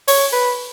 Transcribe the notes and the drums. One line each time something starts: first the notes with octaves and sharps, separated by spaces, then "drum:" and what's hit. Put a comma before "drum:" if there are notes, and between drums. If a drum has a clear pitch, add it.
C#5, drum: open hi-hat
B4